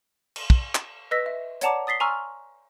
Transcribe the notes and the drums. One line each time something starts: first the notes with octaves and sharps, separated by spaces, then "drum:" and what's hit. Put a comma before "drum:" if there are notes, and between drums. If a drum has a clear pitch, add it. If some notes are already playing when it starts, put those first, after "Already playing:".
drum: cymbal
drum: kick
drum: clap
B4 D#5 E6 A#6 B6
E5
C#5 D5 F#5 A5 A#5 D6, drum: hi-hat
D#6 A6 B6 C7 G7
G#5 A#5 C6 C#6 E6 F6